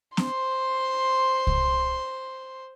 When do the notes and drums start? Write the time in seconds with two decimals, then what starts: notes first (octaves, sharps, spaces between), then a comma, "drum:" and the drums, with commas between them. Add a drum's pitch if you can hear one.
0.17 C5 C6, drum: snare
1.47 drum: kick C2